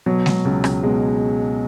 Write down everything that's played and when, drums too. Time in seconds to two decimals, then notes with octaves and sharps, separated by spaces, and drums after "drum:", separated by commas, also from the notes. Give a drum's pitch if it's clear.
0.06 B2 F#3
0.26 B2, drum: snare G#3
0.45 C#2
0.64 C#2, drum: rim click
0.83 B2 G#3